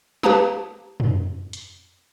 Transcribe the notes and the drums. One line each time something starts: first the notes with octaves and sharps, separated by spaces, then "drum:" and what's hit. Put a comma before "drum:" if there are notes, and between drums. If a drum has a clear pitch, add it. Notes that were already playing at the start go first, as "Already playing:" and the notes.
G4 B4 F5 A5 A#5 D#6, drum: snare
drum: tom
drum: hi-hat